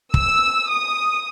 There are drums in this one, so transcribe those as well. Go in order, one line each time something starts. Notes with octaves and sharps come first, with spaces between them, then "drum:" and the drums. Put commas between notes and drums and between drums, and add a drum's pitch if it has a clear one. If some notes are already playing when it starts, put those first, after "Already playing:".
E6, drum: kick
D#6